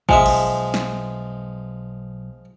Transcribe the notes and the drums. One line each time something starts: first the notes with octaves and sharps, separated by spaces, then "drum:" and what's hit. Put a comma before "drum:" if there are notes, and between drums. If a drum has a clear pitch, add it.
B1 F3 G#3 E5 G#5, drum: kick
drum: cymbal
drum: snare